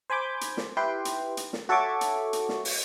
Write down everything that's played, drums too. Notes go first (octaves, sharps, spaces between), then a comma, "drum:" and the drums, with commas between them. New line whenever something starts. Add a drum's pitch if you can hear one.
C5 G#5 B5 D6 G6
drum: hi-hat
drum: snare
E4 G4 B4 G5 C6
drum: hi-hat
drum: hi-hat
drum: snare
F#4 A4 C#5 E5 C#6 D6
drum: hi-hat
drum: hi-hat
drum: snare
drum: open hi-hat